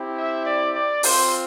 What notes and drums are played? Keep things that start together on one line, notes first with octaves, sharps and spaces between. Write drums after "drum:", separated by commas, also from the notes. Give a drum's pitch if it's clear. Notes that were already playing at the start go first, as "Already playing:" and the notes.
Already playing: C4 E4 G4
E5
D5
D5
C4 F4 C5, drum: open hi-hat